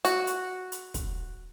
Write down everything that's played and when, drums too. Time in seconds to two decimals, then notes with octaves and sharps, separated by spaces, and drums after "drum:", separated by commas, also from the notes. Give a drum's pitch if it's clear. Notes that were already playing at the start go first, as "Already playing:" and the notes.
0.05 F#4, drum: hi-hat
0.27 drum: hi-hat
0.72 drum: hi-hat
0.94 drum: kick, hi-hat